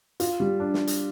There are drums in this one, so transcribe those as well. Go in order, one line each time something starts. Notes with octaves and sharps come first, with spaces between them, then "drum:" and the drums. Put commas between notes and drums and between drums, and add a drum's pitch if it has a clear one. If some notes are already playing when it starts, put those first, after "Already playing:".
F4, drum: hi-hat
G3
D4
drum: snare
drum: hi-hat